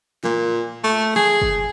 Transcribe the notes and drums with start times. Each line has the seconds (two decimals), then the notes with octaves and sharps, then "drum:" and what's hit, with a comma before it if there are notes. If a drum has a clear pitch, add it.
0.24 A#2, drum: snare
0.83 A3
1.16 G#4, drum: snare
1.42 drum: kick